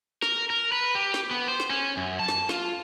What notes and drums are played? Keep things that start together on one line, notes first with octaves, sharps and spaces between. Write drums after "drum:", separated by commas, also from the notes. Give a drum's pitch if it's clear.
A#4, drum: snare
A#4
B4
G4
drum: snare
B3
C5
drum: snare
C#4
F#2
A5
drum: snare
F4, drum: snare